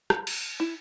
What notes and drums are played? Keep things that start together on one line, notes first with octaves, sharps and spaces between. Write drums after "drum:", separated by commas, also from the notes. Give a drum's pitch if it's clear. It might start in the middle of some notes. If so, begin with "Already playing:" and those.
A#5, drum: rim click
drum: cymbal
E4